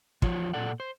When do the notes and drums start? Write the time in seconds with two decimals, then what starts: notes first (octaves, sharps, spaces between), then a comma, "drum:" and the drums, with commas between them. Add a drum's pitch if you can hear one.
0.22 E2 F3 F4 C#5, drum: kick
0.53 A#2 A4 D5 F#5
0.80 C5